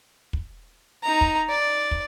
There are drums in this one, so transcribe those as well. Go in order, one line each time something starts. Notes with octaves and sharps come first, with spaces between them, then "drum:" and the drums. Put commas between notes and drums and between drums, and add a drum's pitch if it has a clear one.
drum: kick
D#4 A#5
drum: kick
D5
drum: kick